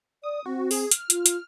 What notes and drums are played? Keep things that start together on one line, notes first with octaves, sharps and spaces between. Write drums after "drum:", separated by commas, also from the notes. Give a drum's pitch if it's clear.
D5 D#6
C4 F#4
G#4, drum: open hi-hat
F6, drum: hi-hat
F4, drum: hi-hat
drum: hi-hat